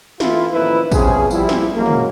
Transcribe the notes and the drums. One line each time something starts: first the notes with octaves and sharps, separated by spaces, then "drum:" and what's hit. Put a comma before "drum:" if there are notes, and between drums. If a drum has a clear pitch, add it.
E3 A3 E4 F4, drum: snare
A1 D#3 F3 A#3 E4 B4
C3 F3 B3 C#4 G#4, drum: kick, tambourine
F3 G3 E4, drum: tambourine
drum: snare
F#2 F#3 G#3 A#3
drum: tom